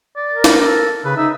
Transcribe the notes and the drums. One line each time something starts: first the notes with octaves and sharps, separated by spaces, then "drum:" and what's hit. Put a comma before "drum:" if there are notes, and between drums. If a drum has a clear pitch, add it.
D5
A#4
drum: snare
A4
C#3 B4
D#4 E5